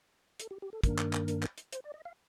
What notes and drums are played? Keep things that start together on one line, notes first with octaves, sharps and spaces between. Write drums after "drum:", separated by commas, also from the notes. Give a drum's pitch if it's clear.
A4, drum: hi-hat
G4
G4
A4
G2 D#3 A#3 D4 A#4, drum: kick, hi-hat
drum: clap
drum: clap
drum: hi-hat
drum: clap
drum: hi-hat
C5, drum: hi-hat
D5
D#5
F5